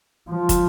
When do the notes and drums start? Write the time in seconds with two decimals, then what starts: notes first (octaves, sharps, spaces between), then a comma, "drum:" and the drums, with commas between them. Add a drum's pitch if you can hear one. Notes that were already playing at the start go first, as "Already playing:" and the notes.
0.30 F3
0.49 drum: kick, hi-hat